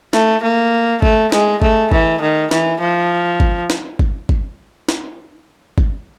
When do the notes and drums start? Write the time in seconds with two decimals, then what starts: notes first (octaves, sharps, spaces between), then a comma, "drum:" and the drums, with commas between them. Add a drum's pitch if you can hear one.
0.13 A3, drum: snare
0.43 A#3
1.02 A3, drum: kick
1.32 G#3, drum: snare
1.62 A3, drum: kick
1.92 E3, drum: kick
2.21 D#3
2.51 E3, drum: snare
2.80 F3
3.40 drum: kick
3.70 drum: snare
3.99 drum: kick
4.29 drum: kick
4.89 drum: snare
5.78 drum: kick